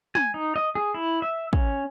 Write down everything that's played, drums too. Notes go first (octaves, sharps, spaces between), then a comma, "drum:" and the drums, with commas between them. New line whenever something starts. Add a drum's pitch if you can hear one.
G#5, drum: tom
D#4
D#5
G#4
E4
E5
C#4, drum: kick